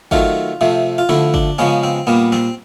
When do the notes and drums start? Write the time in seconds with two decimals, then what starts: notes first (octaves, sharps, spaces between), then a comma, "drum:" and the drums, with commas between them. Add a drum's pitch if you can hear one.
0.11 D#3 F#3 A3 F4, drum: kick G1
0.61 C3 F3 A3
0.98 F4
1.09 D3 F3 A3 E4
1.34 D4, drum: kick G1
1.58 C#3 F3 G#3 B3 C#4
1.83 C4
2.07 A#2 G3 A#3 B3
2.32 C4, drum: snare